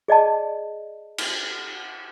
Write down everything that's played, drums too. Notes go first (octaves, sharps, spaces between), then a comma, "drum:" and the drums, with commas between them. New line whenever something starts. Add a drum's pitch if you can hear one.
G#4 D5 D#5 A5
drum: cymbal